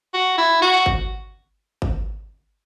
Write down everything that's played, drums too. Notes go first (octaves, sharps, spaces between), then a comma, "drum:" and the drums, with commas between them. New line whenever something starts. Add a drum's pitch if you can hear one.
F#4
E4
F#4
drum: kick G1
drum: kick G1